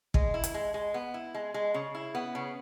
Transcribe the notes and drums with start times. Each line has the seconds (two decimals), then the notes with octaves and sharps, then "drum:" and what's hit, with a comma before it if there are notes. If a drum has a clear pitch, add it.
0.14 G#3, drum: kick
0.34 E4
0.44 drum: hi-hat
0.54 G#3
0.74 G#3
0.94 B3
1.14 E4
1.34 G#3
1.54 G#3
1.74 C#3
1.95 E4
2.15 B3
2.35 C#3